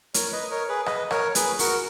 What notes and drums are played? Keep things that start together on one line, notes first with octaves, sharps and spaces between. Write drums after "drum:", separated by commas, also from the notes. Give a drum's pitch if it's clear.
A#4 C#5, drum: hi-hat
B4 D#5
A#4 C#5
G#4 B4
B4 D#5, drum: rim click
A#4 C#5, drum: rim click
G#4 B4, drum: hi-hat
F#4 A#4, drum: open hi-hat